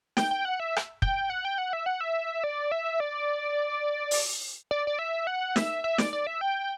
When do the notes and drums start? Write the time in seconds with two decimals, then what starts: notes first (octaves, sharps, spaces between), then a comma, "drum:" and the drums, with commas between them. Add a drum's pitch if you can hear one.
0.17 G5, drum: snare
0.31 G5
0.45 F#5
0.60 E5
0.76 drum: rim click
1.02 G5, drum: kick
1.30 F#5
1.45 G5
1.58 F#5
1.73 E5
1.86 F#5
2.01 E5
2.44 D5
2.72 E5
3.00 D5
4.11 drum: open hi-hat
4.71 D5
4.87 D5
4.99 E5
5.27 F#5
5.56 E5, drum: snare
5.84 E5
5.98 D5, drum: snare
6.13 D5
6.27 E5
6.41 G5